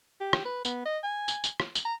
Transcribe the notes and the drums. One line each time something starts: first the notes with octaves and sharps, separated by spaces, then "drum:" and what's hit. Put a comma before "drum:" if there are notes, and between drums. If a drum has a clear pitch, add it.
G4
drum: rim click
B4
B3, drum: tambourine
D#5
G#5
drum: tambourine
drum: tambourine
drum: rim click
drum: tambourine
A#5